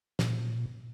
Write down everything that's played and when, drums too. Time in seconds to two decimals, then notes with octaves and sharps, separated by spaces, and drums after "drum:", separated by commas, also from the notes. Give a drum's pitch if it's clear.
0.19 A#2, drum: snare